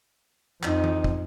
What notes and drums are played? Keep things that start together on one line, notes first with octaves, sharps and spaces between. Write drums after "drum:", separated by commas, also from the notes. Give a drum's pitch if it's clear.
F2 D#4, drum: clap
drum: tom E3
drum: kick